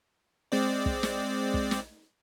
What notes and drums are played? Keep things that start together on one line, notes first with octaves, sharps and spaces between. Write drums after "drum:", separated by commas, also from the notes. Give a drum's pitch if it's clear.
G#3 C4 D5
drum: kick
drum: snare
drum: kick
drum: snare